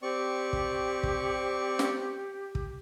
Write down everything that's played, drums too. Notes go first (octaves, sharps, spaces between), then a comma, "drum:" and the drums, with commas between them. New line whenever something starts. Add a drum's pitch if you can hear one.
C4 G4 D5 C#6
drum: kick
drum: kick
drum: snare
drum: kick